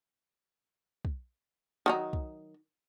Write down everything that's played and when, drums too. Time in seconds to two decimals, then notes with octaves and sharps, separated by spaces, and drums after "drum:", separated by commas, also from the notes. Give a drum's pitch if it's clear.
1.05 drum: kick
1.86 D#3 F#3 D#4
2.13 drum: kick